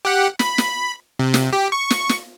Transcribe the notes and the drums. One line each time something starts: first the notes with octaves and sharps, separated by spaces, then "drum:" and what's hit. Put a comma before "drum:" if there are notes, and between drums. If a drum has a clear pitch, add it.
G4 F#5
B5, drum: snare
drum: snare
C3
drum: snare
G4
C#6
drum: snare
drum: snare